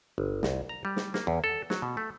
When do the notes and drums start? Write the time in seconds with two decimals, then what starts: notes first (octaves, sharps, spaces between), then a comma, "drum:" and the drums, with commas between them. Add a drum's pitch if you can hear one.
0.18 G1
0.43 C2, drum: snare
0.69 A#5
0.85 G3
0.96 drum: snare
1.14 A#3, drum: snare
1.27 E2
1.44 A4
1.70 F#3, drum: snare
1.82 B2
1.97 A3